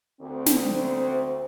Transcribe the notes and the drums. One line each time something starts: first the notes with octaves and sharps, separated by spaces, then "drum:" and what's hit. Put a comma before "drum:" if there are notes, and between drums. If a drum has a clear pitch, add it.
D2 C4
drum: snare